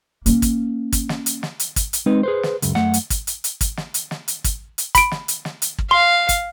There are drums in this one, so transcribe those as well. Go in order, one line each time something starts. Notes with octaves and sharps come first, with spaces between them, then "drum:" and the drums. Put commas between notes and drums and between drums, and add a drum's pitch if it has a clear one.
A#3 C#4, drum: hi-hat
drum: kick, hi-hat
drum: kick, hi-hat
drum: snare
drum: hi-hat
drum: snare
drum: hi-hat
drum: kick, hi-hat
drum: hi-hat
G#3 C4 D#4 B4
G#4 B4 C5
drum: snare
C#2 F#2, drum: hi-hat
F#2 A3 F#5, drum: snare
drum: hi-hat
drum: kick, hi-hat
drum: hi-hat
drum: hi-hat
drum: kick, hi-hat
drum: snare
drum: hi-hat
drum: snare
drum: hi-hat
drum: kick, hi-hat
drum: hi-hat
B5 D7, drum: kick, hi-hat
drum: snare
drum: hi-hat
drum: snare
drum: hi-hat
drum: kick
F5 C6
drum: kick, hi-hat